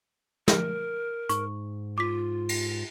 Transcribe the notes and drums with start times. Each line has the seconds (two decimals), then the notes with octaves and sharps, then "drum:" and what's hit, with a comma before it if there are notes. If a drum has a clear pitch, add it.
0.48 A#4, drum: snare
1.29 G#2 C#6, drum: hi-hat
1.98 F4 D6 B6
2.49 drum: cymbal